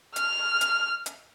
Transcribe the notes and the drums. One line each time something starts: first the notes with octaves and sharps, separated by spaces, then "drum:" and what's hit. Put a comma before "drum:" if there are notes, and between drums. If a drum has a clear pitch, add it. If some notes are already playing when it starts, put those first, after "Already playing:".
F6, drum: hi-hat
drum: hi-hat
drum: hi-hat